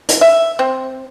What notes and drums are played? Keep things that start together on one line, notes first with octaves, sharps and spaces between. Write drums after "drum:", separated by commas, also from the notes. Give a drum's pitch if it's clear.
drum: hi-hat
E5
C4